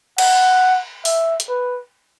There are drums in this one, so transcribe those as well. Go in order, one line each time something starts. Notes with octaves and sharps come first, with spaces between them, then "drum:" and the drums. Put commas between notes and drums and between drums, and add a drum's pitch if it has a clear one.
F#5, drum: cymbal
E5, drum: open hi-hat
drum: hi-hat
B4